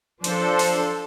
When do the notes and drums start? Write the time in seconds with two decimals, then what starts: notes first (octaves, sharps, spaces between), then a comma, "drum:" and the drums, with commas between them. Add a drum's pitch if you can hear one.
0.24 F3 D4 A4 C5, drum: hi-hat
0.59 drum: open hi-hat